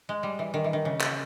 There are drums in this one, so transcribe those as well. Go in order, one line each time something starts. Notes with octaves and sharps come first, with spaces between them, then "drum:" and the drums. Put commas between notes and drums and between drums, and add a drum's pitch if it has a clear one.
G#3
G3
E3
D#3
E3
D#3
C#3
drum: clap